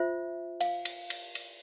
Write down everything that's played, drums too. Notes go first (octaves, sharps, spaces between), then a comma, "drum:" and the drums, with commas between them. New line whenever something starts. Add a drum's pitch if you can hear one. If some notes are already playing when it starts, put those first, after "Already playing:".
Already playing: F4 C5 E5
F5, drum: cymbal
drum: cymbal
drum: cymbal
drum: cymbal